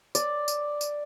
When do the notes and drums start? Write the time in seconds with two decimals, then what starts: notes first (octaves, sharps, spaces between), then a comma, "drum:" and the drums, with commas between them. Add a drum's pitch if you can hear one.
0.15 D5, drum: tambourine
0.48 drum: tambourine
0.81 drum: tambourine